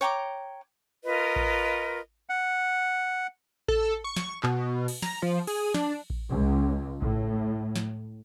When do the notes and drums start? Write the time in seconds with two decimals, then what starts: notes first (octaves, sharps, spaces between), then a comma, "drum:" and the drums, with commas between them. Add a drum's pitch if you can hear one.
0.01 C#5 G5 A#5 D6
1.04 F4 A#4 B4 D#5
1.36 drum: kick A1
2.29 F#5
3.68 A4, drum: kick A1
4.04 C#6
4.16 drum: snare
4.43 B2, drum: clap
4.88 drum: cymbal
5.02 A#5, drum: snare
5.22 F3
5.47 G#4, drum: cymbal
5.74 D4, drum: snare
6.10 drum: kick A1
6.30 C#2
7.02 A2, drum: kick A1
7.76 drum: snare